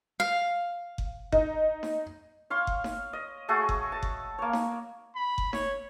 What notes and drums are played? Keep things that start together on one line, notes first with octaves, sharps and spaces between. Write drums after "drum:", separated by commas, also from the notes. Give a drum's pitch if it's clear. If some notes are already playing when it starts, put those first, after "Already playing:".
F5
drum: kick F#1
D#4, drum: kick F#1
drum: snare D#4
C#5 F5 C6
drum: kick F#1
drum: snare D#4
D#5
A3 F#4 G#4 A4
drum: kick F#1
A5
drum: kick F#1
A#3 C#5
drum: snare D#4
B5
drum: kick F#1
C#5, drum: snare D#4